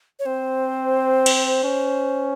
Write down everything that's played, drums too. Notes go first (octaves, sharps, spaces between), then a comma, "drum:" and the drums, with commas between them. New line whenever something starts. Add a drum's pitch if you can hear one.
C#5
C4 C5
drum: cymbal
C#4